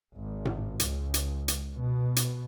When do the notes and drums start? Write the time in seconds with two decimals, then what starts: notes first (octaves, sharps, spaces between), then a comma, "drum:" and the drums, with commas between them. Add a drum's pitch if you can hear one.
0.15 G#1
0.45 drum: tom A2
0.80 C#2, drum: hi-hat
1.14 drum: hi-hat
1.48 drum: hi-hat
1.74 B2
2.16 drum: hi-hat